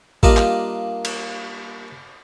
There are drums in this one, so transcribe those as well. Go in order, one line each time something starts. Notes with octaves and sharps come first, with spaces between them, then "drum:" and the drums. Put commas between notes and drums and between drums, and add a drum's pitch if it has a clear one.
G3 A#3 D4 F4 D#5, drum: kick A1
drum: clap
drum: cymbal